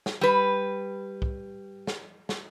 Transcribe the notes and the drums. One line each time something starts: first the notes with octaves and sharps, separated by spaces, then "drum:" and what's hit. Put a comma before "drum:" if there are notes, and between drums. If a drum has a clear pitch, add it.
drum: snare
G3 B4
drum: kick C2
drum: snare
drum: snare